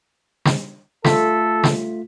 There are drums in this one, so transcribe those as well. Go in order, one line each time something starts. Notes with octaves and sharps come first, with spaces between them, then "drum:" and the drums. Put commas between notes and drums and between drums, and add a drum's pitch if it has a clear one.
drum: snare
A3 F4 A4 B6, drum: snare
drum: snare